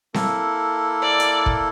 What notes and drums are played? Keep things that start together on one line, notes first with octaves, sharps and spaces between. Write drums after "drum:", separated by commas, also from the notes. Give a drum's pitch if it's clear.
A#3 E4 A4, drum: snare C4
D5
drum: hi-hat
drum: kick